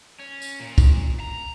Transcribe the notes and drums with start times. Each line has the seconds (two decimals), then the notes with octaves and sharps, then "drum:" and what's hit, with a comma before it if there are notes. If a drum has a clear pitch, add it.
0.20 C#4
0.42 drum: tambourine
0.60 A#2
0.78 drum: kick, tambourine
1.20 A#5